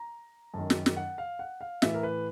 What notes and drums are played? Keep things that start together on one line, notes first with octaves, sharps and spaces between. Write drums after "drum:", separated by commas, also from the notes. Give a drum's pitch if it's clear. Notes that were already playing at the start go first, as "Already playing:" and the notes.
Already playing: A#5
F#2 D#3 A5
drum: snare
drum: snare
F#5
F5
F#5
F5
A2 E3 E5, drum: snare
A#4
B4